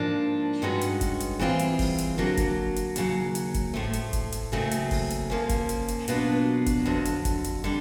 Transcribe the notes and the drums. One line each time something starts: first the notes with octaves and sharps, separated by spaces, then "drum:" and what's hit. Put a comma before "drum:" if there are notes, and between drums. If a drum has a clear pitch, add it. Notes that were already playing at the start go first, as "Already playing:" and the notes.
Already playing: G#2 F3 A#3 D4
G2 D#3 G#3 C#4 F#4
drum: hi-hat
drum: kick, hi-hat
drum: hi-hat
E3 G3 C4 F4 G#4
drum: hi-hat
drum: kick, open hi-hat
drum: hi-hat
D3 F#3 A#3
drum: kick, hi-hat
drum: hi-hat
D#2 C#3 F#3, drum: hi-hat
drum: hi-hat
drum: kick, hi-hat
A2 F3 A3
drum: hi-hat
drum: kick, hi-hat
drum: hi-hat
D#2 C#3 F#3 A3 C4
drum: hi-hat
drum: kick, open hi-hat
drum: hi-hat
C#3 F3 A#3 C#4
drum: kick, hi-hat
drum: hi-hat
drum: hi-hat
B2 F#3 B3 D4 F4, drum: hi-hat
drum: kick, hi-hat
F2 D3 F#3
drum: hi-hat
drum: kick, hi-hat
drum: hi-hat
D3 G3